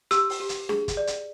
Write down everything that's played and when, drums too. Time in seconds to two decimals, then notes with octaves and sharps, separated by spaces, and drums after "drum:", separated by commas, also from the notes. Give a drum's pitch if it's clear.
0.11 G4 E6, drum: hi-hat
0.30 drum: open hi-hat
0.40 G4
0.49 drum: hi-hat
0.69 G#4, drum: snare D4
0.88 drum: kick, hi-hat
0.97 D5
1.07 drum: hi-hat